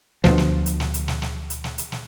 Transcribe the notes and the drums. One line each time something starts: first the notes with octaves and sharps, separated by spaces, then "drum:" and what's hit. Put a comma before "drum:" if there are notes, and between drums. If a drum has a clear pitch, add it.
D2 B2 F3, drum: snare
drum: snare
drum: hi-hat
drum: snare
drum: hi-hat
drum: snare
drum: snare
drum: hi-hat
drum: snare
drum: hi-hat
drum: snare